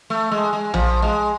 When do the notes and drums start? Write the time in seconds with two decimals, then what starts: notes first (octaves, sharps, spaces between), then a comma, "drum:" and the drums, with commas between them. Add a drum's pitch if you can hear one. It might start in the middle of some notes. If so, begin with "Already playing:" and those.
0.10 A3
0.32 G#3
0.53 G#3
0.74 F3, drum: tom A#1
1.02 G#3